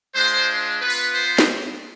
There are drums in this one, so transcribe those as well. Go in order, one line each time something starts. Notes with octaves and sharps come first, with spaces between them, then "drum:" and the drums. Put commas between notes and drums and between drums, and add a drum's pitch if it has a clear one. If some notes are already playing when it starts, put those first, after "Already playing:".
G#3 D4 F4 C5
B3 F4 B4
drum: open hi-hat
C5
drum: snare